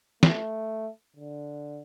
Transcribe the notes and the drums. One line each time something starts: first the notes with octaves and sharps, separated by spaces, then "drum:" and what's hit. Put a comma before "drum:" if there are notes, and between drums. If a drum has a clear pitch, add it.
A3, drum: snare
D3